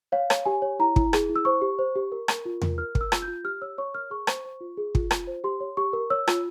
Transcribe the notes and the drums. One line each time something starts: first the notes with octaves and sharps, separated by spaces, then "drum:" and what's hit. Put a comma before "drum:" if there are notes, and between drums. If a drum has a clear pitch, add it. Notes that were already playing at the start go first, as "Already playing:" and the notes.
C#5 F5
C#5, drum: rim click
G4 G#5
C#5
E4 A#5
E4, drum: kick
G#4, drum: rim click
E4
E6
C5 C#6
G4
C5
G4
A#4
A#4, drum: rim click
F4
A#4, drum: tom E2
A#4 F6
A#4, drum: kick
E6
F4, drum: rim click
G6
F4
G4 F6
C#5 E6
C#5 C#6
A#4 F6
G#4 C#6
C5, drum: rim click
C5
F4
G#4
F4, drum: kick
F4, drum: rim click
C5
G4 C6
C#5
G4 C#6
A#4
C#5 E6
F4, drum: rim click